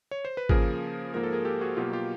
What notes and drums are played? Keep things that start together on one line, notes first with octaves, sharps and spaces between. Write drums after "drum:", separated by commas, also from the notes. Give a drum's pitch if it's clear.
C#5
C5
B4
C#3 F3 A#3 G#4 A#4, drum: kick G#1
G#2 F3 A#3 A#4
A4
G#4 A#4
G4 A4
F#4 G#4
B2 F#3 A#3 F4 G4
F4 G4